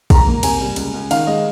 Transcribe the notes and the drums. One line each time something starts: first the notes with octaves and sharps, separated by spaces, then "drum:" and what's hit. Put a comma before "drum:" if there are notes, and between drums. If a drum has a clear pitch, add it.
G#2 A#5, drum: kick, cymbal
A#3
C3 G#5, drum: cymbal
G3
C#2, drum: cymbal
C#2
D#3 F5, drum: cymbal
G#3 D#5